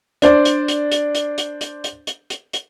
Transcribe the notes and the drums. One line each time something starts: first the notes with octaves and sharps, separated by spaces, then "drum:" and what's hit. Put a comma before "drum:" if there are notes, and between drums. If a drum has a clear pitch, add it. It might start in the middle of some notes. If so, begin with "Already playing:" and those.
D4 C5 D5, drum: hi-hat
drum: hi-hat
drum: hi-hat
drum: hi-hat
drum: hi-hat
drum: hi-hat
drum: hi-hat
drum: hi-hat
drum: hi-hat
drum: hi-hat
drum: hi-hat